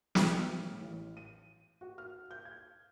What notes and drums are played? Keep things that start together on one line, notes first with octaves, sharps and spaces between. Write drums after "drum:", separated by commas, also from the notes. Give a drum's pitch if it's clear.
G5, drum: snare
F6
A2
A1
D#7
F#4
F6
G6
G#6